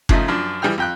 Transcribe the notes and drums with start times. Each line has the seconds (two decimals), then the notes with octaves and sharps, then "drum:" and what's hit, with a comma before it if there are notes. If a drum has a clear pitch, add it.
0.09 C#3 F3 A3 D#4, drum: kick F#1
0.28 F#2 F3 D4
0.62 E3 G3 G#4 G5 F6
0.78 F2 G5 F#6